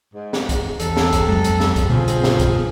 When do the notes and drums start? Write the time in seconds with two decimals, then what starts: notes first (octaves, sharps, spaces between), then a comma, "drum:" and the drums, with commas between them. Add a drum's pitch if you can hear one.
0.13 G#2
0.33 drum: snare
0.49 drum: kick C2, hi-hat
0.80 E2 C3 A4, drum: hi-hat
0.97 drum: snare
1.13 drum: kick C2, hi-hat
1.28 F2 F#3 G#3
1.44 drum: hi-hat
1.60 drum: snare
1.76 drum: kick C2, hi-hat
1.89 G2 B2 D3 F3 C4 G#4
2.08 drum: hi-hat
2.24 drum: snare
2.40 drum: kick C2, hi-hat